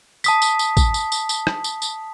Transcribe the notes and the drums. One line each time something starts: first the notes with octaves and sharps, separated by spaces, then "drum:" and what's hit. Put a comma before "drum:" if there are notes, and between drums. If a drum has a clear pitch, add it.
A5 D#6 B6, drum: tambourine
drum: tambourine
drum: tambourine
drum: kick, tambourine
drum: tambourine
drum: tambourine
drum: tambourine
drum: rim click
drum: tambourine
drum: tambourine